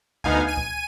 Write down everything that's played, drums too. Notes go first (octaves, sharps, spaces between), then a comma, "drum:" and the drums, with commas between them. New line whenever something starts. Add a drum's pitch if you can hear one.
D2 B3 D#4 F5 G#5, drum: kick C#2
G#5 D#7
drum: kick C#2